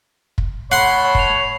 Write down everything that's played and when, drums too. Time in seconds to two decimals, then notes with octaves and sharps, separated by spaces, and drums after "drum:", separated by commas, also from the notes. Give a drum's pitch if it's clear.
0.38 drum: kick
0.72 A3 C#5 F#5 B5 C6 C7
1.15 C7 F7, drum: kick